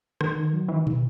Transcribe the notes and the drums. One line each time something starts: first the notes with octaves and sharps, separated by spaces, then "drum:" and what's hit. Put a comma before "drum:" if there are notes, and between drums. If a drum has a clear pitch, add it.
D#3, drum: rim click
F#3
E3
D#3
drum: tom